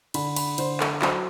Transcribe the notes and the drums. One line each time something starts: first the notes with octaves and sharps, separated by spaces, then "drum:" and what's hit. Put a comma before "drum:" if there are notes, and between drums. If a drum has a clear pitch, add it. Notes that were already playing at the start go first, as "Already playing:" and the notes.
D3 B5, drum: cymbal
B5, drum: cymbal
D3 C5, drum: cymbal
A4, drum: clap
F#3 C5, drum: clap